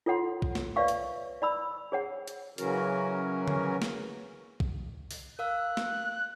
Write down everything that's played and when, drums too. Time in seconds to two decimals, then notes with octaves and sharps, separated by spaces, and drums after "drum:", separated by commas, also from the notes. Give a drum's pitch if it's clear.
0.06 F4 A4 C#5 F#5 C6
0.42 drum: kick
0.55 drum: snare
0.76 B4 C#5 D5 E5 F5 C#6
0.88 drum: hi-hat
1.42 D5 B5 E6
1.92 G#4 C#5 F#5
2.28 drum: hi-hat
2.58 C#3 E3 F#3 C#4 F#4 A#4, drum: hi-hat
3.48 drum: tom D3
3.82 drum: snare
4.60 drum: kick
5.11 drum: open hi-hat
5.39 A#4 F5 E6 F#6
5.77 drum: snare